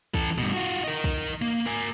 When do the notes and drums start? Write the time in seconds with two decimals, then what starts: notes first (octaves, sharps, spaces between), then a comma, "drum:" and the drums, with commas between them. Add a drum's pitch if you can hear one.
0.14 E3 A4, drum: kick
0.38 G2 B2
0.54 F4 F#4
0.84 A#4 D#5
1.04 drum: kick
1.42 A#3
1.66 A#4 G#5